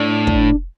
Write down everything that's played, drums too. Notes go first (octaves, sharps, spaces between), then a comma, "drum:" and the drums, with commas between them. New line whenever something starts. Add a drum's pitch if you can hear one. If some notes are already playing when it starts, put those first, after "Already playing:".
Already playing: A2 D4
drum: kick